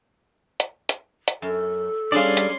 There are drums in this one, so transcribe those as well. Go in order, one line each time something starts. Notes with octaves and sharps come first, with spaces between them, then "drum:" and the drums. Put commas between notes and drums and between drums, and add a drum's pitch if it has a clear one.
drum: hi-hat
drum: hi-hat
drum: hi-hat
F#2 A4
G3 C#4 D4 G#4 D5 F5 C6
drum: hi-hat